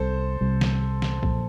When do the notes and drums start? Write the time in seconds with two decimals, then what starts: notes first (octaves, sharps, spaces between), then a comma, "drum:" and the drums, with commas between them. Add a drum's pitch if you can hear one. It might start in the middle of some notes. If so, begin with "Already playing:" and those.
Already playing: C2 C3 G3 A4 C5
0.41 C2 C3 G3
0.61 drum: snare
1.02 drum: snare
1.23 A#2 F3, drum: kick B1